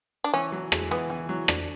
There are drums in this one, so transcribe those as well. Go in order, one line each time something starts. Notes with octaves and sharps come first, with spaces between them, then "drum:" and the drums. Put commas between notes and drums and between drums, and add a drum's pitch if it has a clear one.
D4
E3 C#4
F#3
G#3, drum: rim click
E3 B3
E3
F#3
D4, drum: rim click